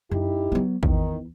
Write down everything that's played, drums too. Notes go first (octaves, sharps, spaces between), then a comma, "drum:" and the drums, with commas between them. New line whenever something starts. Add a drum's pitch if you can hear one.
F#2 D#4 E4 G4
F#3 B3
E2 D#3, drum: kick